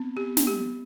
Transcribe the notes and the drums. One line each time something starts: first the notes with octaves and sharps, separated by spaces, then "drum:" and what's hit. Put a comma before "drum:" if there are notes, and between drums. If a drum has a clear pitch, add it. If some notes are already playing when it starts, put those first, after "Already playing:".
Already playing: B3 C4
B3 G4
drum: snare
B3 G4